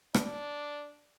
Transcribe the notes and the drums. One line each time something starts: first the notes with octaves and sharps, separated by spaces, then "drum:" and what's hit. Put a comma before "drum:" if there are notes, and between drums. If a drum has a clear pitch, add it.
D4, drum: rim click